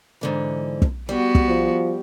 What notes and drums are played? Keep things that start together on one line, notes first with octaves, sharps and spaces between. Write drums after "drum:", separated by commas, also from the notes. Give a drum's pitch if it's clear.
G#2 D3 E3
drum: kick
G3 B3 F#4
drum: kick
F3